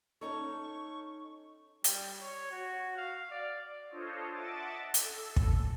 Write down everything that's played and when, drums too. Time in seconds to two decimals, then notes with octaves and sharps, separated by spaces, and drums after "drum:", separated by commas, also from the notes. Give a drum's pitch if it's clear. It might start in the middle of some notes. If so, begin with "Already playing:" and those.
0.21 C#4 D#4 A4 C#6
1.84 G3, drum: hi-hat
2.20 C#5
2.51 F#4
2.97 F5
3.30 D5
3.89 D4 F4 A4 C5 C#5 D#5
4.31 D#5 E5 F#5 A5 D6 A6
4.94 A4, drum: hi-hat
5.36 drum: kick